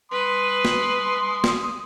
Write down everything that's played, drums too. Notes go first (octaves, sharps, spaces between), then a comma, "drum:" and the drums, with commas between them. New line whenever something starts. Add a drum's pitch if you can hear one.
B4 C6 D#6
drum: snare
drum: snare